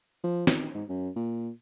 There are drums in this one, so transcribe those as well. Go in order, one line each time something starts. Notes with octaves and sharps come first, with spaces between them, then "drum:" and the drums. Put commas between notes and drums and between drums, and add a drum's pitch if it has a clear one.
F3
D#3, drum: snare
G#2
F#2
A#2